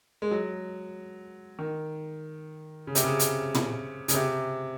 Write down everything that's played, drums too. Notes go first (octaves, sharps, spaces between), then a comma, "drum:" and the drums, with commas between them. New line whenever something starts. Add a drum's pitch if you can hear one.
G#3
F#3
D#3
C#3
C3, drum: hi-hat
C#3
drum: hi-hat
drum: tom
C#3, drum: hi-hat
C3